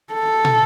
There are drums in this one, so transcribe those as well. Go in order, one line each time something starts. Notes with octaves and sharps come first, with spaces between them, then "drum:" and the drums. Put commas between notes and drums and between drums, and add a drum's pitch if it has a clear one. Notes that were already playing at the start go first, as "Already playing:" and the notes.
A4
drum: tom